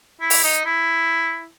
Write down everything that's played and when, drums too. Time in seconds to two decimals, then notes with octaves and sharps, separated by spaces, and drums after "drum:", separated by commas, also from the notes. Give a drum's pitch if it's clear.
0.21 E4
0.30 drum: open hi-hat
0.43 D#4
0.65 E4